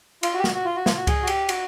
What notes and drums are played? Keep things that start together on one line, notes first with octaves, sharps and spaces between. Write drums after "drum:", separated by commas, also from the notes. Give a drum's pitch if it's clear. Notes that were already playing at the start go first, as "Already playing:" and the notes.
F4, drum: cymbal
F#4
G4
F#4, drum: snare
F#4
F4
F#4
F4, drum: snare
F#4
G#4, drum: kick C#2, cymbal
F#4
G4, drum: cymbal
F#4, drum: cymbal